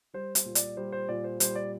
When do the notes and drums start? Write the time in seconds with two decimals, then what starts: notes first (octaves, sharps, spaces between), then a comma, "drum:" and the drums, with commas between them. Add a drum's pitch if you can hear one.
0.14 G3 C5
0.35 C5, drum: hi-hat
0.45 A#2
0.55 D5, drum: hi-hat
0.77 G3 C5
0.92 C5
1.09 A#2 D5
1.24 C5
1.40 G3 C5, drum: hi-hat
1.55 D5